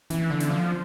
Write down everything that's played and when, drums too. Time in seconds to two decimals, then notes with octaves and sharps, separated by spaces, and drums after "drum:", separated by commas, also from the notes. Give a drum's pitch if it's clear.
0.10 E3, drum: snare
0.30 D3
0.40 drum: snare
0.50 F3